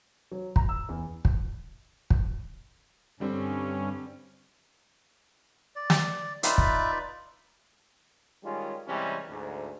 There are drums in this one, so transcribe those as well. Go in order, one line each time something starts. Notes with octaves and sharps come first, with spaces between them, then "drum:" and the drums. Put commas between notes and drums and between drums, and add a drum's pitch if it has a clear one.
F#3
A#5, drum: kick
E6
E2
drum: kick
drum: kick
G2 D3 G3 C4 C#4
D5
drum: snare
D#4 F4 B4 D5 E5, drum: hi-hat
drum: kick
D#3 G3 G#3 C#4 F4
C3 E3 G3 G#3 C4 C#4
D2 G#2